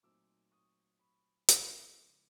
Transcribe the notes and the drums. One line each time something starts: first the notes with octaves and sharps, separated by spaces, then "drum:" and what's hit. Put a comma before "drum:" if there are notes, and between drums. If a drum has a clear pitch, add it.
A#2 F#3 A3 C4 D#4 D6 E6
C#6 D#6
B5 C#6
drum: hi-hat
C#3 F3 G#3 B3 E4 C6 D6